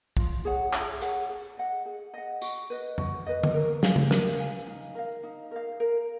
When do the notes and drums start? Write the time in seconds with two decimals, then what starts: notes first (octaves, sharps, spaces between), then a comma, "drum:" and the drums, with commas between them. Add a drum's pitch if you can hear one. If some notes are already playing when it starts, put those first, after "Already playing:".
0.17 F4, drum: kick
0.45 G#4 C#5 F#5
0.73 F4, drum: clap
1.01 G#4 C#5 F#5, drum: hi-hat
1.29 G#4
1.57 D#5 F#5
1.86 G#4
2.14 D#5 F#5
2.42 F#4, drum: tambourine
2.70 B4 D#5
2.98 F#4, drum: tom F2
3.26 B4 D#5
3.44 drum: tom D3
3.54 A#4
3.83 F5 G#5, drum: snare
3.96 drum: tom C#3
4.11 A#4, drum: snare
4.39 F5 G#5
4.67 D#4
4.95 A#4 F5
5.23 D#4
5.51 A#4 F5
5.80 A#4